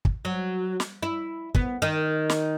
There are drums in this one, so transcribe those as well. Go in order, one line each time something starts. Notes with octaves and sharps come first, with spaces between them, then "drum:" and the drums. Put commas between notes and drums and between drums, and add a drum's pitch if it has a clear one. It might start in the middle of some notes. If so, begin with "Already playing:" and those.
drum: kick
F#3
drum: snare
E4
B3, drum: kick
D#3
drum: snare